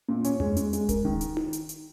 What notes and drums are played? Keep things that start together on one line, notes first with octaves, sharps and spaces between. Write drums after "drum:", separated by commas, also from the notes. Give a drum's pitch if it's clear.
A#2
C#4, drum: hi-hat
G#3, drum: tom E2
G#3, drum: hi-hat
G#3, drum: hi-hat
A#4, drum: kick D1, hi-hat
D#3
drum: hi-hat
drum: tom D#4
drum: hi-hat
drum: hi-hat